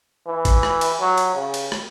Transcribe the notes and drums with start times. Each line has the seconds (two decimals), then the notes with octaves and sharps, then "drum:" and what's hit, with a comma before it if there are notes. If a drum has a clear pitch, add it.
0.27 E3
0.45 drum: kick, cymbal
0.63 drum: rim click
0.81 drum: cymbal
1.00 F#3
1.18 drum: cymbal
1.35 C#3
1.54 drum: cymbal
1.72 drum: rim click